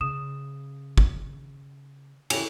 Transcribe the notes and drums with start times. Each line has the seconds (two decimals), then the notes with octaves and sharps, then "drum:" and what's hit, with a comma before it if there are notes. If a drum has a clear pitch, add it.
0.01 C#3 D#6 E7
0.98 drum: kick
2.30 E2 C#3 G4 G#5 F7, drum: cymbal